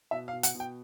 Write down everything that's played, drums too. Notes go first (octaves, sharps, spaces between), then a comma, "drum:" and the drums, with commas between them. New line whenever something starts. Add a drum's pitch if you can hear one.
B2 E5
F5
B2
F#5, drum: hi-hat
B2
G5